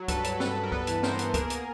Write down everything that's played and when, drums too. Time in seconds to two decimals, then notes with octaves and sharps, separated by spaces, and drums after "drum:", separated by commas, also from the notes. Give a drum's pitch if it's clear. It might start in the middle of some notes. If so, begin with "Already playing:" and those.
Already playing: F#3
0.08 G2 A4 B4, drum: kick C#2, hi-hat
0.24 F#3, drum: hi-hat
0.40 G2 A4 B4, drum: snare
0.56 G2
0.63 A#4
0.72 B3 A4 B4, drum: kick C#2
0.87 E3, drum: hi-hat
1.03 B3 A#4 C5, drum: snare
1.19 B3, drum: hi-hat
1.34 A#3 G#4 A#4, drum: kick C#2, hi-hat
1.50 A#3, drum: hi-hat